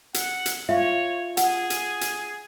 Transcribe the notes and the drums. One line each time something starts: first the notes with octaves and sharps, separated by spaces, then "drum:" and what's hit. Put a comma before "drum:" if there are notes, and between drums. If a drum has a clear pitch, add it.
F#5, drum: hi-hat
drum: hi-hat
F4 C#5 E5 F5
G#4 F#5, drum: hi-hat
drum: hi-hat
drum: hi-hat